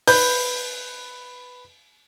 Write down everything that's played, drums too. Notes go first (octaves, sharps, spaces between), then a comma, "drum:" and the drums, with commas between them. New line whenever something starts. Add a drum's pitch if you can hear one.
B4 G6, drum: open hi-hat